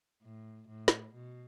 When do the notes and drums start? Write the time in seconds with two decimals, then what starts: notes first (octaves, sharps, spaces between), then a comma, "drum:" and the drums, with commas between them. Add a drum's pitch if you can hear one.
0.23 A2
0.68 A2
0.88 drum: snare
1.14 B2